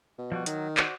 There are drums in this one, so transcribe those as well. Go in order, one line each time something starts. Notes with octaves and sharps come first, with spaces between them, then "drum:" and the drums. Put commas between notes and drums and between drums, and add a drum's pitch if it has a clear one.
B2
F3 G3 F#4
D#3 F#3, drum: hi-hat
F#4 C5 D5, drum: clap